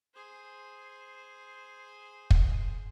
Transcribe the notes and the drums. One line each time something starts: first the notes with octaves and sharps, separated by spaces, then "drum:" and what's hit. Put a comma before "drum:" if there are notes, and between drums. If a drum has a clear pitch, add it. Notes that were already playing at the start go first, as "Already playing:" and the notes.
G#4 C5
drum: kick